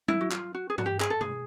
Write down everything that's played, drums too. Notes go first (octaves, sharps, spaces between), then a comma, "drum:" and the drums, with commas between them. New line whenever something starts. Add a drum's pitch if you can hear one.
E4, drum: tom F#3
F#4
F4, drum: clap
F#4
G#4
F#4, drum: tom G2
G4
G#4, drum: clap
A4
G#4, drum: tom B2